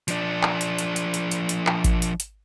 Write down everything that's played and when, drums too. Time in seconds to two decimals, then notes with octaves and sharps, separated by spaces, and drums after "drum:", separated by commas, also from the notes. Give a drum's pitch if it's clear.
0.08 F3 D4, drum: hi-hat
0.43 drum: clap
0.61 drum: hi-hat
0.78 drum: hi-hat
0.96 drum: hi-hat
1.14 drum: hi-hat
1.31 drum: hi-hat
1.49 drum: hi-hat
1.67 drum: clap
1.84 drum: kick G#1, hi-hat
2.02 drum: hi-hat
2.20 drum: hi-hat